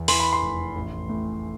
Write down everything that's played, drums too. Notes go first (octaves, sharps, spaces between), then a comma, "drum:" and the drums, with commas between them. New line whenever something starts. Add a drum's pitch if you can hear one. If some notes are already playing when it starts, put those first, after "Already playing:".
Already playing: E2
E3 C6, drum: open hi-hat
B5
C6
F1
A1
A2